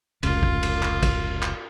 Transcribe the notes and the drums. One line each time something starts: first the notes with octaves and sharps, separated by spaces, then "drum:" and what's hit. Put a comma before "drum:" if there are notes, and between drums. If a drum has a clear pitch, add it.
F1 C#2 C#3 F4, drum: cymbal
drum: kick
drum: cymbal
drum: clap
drum: kick, cymbal
drum: clap